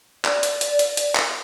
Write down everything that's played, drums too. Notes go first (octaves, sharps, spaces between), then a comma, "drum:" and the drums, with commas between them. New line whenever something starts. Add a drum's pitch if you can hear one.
D5, drum: clap
drum: hi-hat
drum: hi-hat
drum: hi-hat
drum: hi-hat
drum: clap